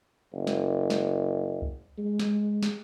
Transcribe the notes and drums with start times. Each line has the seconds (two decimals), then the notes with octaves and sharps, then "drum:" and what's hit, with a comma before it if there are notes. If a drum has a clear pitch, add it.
0.33 F#1
0.47 drum: snare
0.90 drum: snare
1.62 drum: kick
1.98 G#3
2.19 drum: snare
2.63 drum: snare